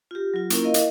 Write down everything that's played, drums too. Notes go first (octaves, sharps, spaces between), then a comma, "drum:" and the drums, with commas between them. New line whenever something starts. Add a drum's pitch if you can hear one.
F4 G4
F#3 F4
A#3 C#4 E4 F4 A#4, drum: hi-hat
E4 A#4 D#5 F5
drum: hi-hat